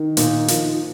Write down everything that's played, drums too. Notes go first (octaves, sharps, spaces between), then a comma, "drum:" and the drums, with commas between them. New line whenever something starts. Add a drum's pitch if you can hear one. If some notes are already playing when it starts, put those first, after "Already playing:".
Already playing: D#3
A#2 D#4, drum: hi-hat
F3, drum: hi-hat